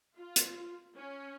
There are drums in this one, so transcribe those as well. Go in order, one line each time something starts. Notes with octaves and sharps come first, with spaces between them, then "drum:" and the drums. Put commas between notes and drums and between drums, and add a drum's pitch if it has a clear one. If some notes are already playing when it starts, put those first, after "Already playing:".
F4
drum: hi-hat
C#4